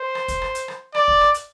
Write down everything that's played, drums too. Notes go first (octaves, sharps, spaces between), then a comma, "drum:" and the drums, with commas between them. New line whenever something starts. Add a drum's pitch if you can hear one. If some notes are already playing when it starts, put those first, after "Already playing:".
Already playing: C5
drum: rim click
drum: kick, hi-hat
drum: rim click
drum: hi-hat
drum: rim click
D5, drum: rim click
drum: kick
drum: rim click
drum: hi-hat